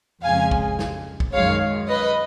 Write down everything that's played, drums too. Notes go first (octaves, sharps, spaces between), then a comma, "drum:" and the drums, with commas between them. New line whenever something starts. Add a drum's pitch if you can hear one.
F2 C#3 G#3 F5 G#5
drum: kick
drum: snare
drum: kick
F#2 D#3 G#3 C#5 F5
B4 D#5